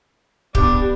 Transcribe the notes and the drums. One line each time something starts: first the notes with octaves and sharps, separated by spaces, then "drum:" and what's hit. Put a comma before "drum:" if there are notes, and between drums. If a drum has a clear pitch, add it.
B3 D4 G4, drum: kick